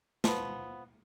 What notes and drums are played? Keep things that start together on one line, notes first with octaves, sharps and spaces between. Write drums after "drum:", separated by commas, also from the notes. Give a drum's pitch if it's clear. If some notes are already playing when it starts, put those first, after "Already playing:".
F3 B3, drum: snare